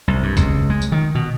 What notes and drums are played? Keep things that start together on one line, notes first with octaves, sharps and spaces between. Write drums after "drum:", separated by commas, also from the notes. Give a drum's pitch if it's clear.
C2
G2
C#2, drum: kick C2, tambourine
G#3
drum: tambourine
D#3
B2